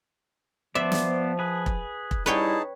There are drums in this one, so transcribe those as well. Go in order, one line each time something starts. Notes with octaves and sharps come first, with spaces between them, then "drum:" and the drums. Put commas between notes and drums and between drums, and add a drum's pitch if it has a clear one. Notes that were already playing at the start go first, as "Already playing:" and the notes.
F3 B3 C5 D5 E5
drum: snare
G#4 B4
drum: kick
drum: kick
G3 D#4 E4 G#4 B4 C#5 G5 A5